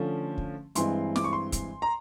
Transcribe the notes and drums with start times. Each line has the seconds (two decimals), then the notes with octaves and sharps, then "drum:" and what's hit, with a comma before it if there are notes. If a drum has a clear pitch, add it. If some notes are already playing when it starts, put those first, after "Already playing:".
Already playing: D3 F3 A3 C#4
0.38 drum: kick
0.75 G2 E3 G#3 C4 C6, drum: hi-hat
1.16 D6, drum: snare
1.24 C#6
1.33 C6
1.52 drum: kick, hi-hat
1.82 A#5